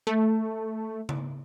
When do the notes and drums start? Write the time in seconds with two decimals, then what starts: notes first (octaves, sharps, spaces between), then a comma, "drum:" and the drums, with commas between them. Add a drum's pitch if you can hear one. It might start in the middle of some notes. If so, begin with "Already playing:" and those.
0.07 A3
1.09 drum: tom C#3